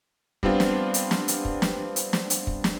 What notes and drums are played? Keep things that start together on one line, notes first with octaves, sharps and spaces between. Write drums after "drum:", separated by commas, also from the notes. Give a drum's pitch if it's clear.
G3 B3 C4 D4 F4, drum: kick
drum: snare
drum: hi-hat
drum: snare
drum: hi-hat
drum: kick
drum: snare
drum: hi-hat
drum: snare
drum: hi-hat
drum: kick
drum: snare